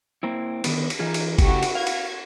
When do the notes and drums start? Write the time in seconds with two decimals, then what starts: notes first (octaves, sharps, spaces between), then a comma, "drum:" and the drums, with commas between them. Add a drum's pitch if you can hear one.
0.23 A#3 C4 E4
0.64 D3 D#3 B3, drum: cymbal
0.90 drum: cymbal
0.99 E3 D#4 F4 G#4
1.14 drum: cymbal
1.38 C#3 A3 E4 F#4 G4, drum: kick, cymbal
1.63 drum: cymbal
1.75 F#4 F5 G#6
1.87 drum: cymbal